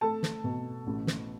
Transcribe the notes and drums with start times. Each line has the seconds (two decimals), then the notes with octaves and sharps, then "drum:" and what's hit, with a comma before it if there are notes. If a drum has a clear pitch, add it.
0.01 A3 A4 A5
0.23 drum: snare
0.44 B2
0.87 A1
1.07 drum: snare